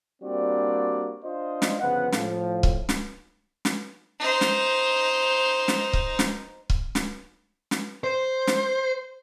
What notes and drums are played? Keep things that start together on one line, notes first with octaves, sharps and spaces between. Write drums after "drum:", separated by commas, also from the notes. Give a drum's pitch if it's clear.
G3 A#3 C4 D4 F#4 D5
D4 F4 C5 D#5
drum: snare
G1 C#3 F3 B3 F#5
A2 F3, drum: snare
drum: kick C#1
drum: snare
drum: snare
D#4 C5
drum: snare
drum: snare
drum: kick C#1
drum: snare
drum: kick C#1
drum: snare
drum: snare
C5
drum: snare